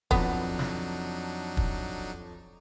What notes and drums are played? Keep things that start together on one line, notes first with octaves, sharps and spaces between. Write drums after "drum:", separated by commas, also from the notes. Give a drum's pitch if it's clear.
F2 F#3 B3 D4 D#4, drum: kick
drum: snare
drum: kick